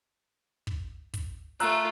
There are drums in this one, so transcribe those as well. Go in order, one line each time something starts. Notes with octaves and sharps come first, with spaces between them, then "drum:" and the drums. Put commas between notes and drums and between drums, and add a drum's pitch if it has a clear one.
drum: kick
drum: kick, hi-hat
A3 F4 A#5 E6 F#6, drum: hi-hat